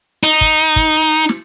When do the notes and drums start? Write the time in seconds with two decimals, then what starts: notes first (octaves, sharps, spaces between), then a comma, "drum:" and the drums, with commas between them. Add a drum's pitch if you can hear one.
0.23 D#4, drum: hi-hat
0.41 drum: kick, hi-hat
0.59 drum: hi-hat
0.76 drum: kick, hi-hat
0.94 drum: hi-hat
1.11 drum: hi-hat
1.29 drum: snare